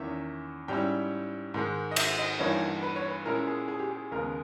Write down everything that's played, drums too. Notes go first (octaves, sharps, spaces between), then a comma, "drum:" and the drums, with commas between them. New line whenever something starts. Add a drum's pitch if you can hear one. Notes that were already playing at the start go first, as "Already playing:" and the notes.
Already playing: E2 D#3 A#3 C#4 E5
G#2 G3 C#4 E4 G5
G#2 D#3 G#3
D#5
E5, drum: cymbal
D#5
G2 E3 A#3 D#4 C#5
B4
C#5
B4
A#2 G#3 C#4 E4 A#4
G#4
G#4
G4
G#4
D#2 C#3 G#3 B3 A#4